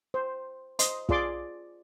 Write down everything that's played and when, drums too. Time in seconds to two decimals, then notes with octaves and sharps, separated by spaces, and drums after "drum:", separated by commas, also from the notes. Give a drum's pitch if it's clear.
0.14 C5
0.79 C5 D#5 C6, drum: hi-hat
1.09 F4 G#4 D5 C6 D6, drum: kick